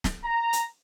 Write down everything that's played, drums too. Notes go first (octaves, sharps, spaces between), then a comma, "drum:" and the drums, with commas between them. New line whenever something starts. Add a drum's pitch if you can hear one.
drum: snare
A#5
drum: hi-hat